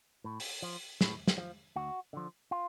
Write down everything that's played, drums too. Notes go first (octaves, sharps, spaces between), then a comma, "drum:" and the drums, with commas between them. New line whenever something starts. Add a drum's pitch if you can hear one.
A2
drum: open hi-hat
F3
A2, drum: snare
drum: snare
F3
D2 F#4
D3 F3
F4